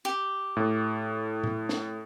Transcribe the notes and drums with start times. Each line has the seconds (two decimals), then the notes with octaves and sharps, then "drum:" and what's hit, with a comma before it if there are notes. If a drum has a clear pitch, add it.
0.05 G4
0.57 A2
1.44 drum: tom A2
1.69 drum: snare